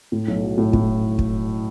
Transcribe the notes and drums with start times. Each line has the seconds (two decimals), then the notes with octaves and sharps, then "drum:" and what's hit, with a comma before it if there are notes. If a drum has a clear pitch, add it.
0.12 A2
0.28 B1
0.43 F#3
0.58 A2
0.73 A2, drum: kick
1.19 drum: kick